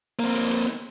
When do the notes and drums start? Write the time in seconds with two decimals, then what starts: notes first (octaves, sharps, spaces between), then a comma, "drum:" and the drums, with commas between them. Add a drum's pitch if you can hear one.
0.19 A#3 C4
0.35 drum: hi-hat
0.51 drum: hi-hat
0.67 drum: hi-hat